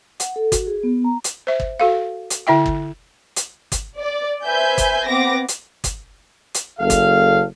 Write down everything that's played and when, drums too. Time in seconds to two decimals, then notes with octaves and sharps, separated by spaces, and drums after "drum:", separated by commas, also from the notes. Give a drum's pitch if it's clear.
0.20 F#5, drum: hi-hat
0.36 A4
0.52 F#4, drum: kick G1, hi-hat
0.67 G#4
0.83 B3
1.04 A#5
1.24 drum: hi-hat
1.47 C5 E5
1.60 drum: kick G1
1.80 F#4 A4 F5
2.30 drum: hi-hat
2.47 D3 E4 E5 G5
2.66 drum: kick G1
3.36 drum: hi-hat
3.72 drum: kick G1, hi-hat
3.99 D5
4.45 B4 C5 E5 G#5 G6
4.78 drum: kick G1, hi-hat
5.07 B3 C4 D6 A#6
5.48 drum: hi-hat
5.84 drum: kick G1, hi-hat
6.54 drum: hi-hat
6.79 F#1 A4 F5
6.90 drum: kick G1, hi-hat